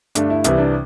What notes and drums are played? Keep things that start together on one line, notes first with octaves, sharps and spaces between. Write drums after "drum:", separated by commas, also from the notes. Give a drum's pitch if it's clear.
G2 D3 A3 D4, drum: hi-hat
E4
C2 C3 E3 G3 E4, drum: hi-hat
D4